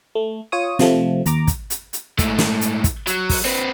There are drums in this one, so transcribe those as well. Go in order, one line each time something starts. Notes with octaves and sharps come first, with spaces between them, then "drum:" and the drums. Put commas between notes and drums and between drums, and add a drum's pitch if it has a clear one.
A3
F4 C#5 D#6
C3 F3 A3, drum: snare
D#2 A#5 D6, drum: hi-hat
drum: kick, hi-hat
drum: hi-hat
drum: hi-hat
G#2 A3, drum: kick, hi-hat
drum: snare
drum: hi-hat
drum: kick, hi-hat
F#3, drum: hi-hat
drum: kick, open hi-hat
C4 B4